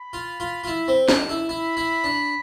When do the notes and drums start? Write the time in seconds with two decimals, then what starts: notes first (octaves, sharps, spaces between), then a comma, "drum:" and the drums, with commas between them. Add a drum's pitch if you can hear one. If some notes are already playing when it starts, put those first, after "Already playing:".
Already playing: B5
0.13 F4
0.40 F4
0.64 F4
0.67 E4
0.88 C4
1.08 D4, drum: snare
1.29 E4
1.49 E4 B5
1.77 E4
2.04 D4